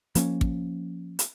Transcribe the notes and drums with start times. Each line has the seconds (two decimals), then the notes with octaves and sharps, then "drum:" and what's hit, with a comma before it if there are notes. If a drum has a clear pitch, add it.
0.15 F3 A#3 C#4, drum: hi-hat
0.41 drum: kick
1.19 drum: hi-hat